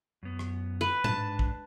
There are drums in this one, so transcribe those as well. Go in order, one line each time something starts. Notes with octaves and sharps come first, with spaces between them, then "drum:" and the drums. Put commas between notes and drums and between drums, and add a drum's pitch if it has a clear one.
F#2 B3
drum: rim click
B4
G#2 D4 A5, drum: tom A2
drum: kick